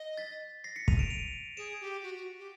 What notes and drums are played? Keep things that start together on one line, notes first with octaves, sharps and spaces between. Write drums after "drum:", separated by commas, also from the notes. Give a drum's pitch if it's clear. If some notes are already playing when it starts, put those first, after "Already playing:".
Already playing: D#5
A6 B6
A#6 C7
B6 C#7
D#7 F7, drum: kick
D7 E7
D#7 F7
G#4 D7 E7
G4
F#4
F#4
G4